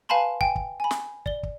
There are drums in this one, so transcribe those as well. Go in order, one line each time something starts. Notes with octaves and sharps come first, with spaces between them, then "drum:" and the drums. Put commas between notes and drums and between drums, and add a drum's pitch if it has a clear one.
B4 F5 G#5 A5 B5 C6
G5 G#5, drum: kick
drum: kick
G#5 B5
drum: snare
D5 G7, drum: kick
drum: kick